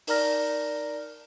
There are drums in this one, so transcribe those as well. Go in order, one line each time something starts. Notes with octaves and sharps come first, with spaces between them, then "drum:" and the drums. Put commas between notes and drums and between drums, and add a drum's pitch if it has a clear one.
D#4 A#4 D5 A#5 F6 A#6, drum: open hi-hat